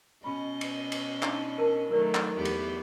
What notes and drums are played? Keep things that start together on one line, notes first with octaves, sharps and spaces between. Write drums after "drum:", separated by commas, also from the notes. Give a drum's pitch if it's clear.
B2 C#4 D#5 B5
drum: cymbal
drum: cymbal
D4 D#4 D5, drum: clap
A#4 B4 A5
D#3 F#3 A3 A#4 B4 D5
drum: clap
E2 B3 G4
drum: cymbal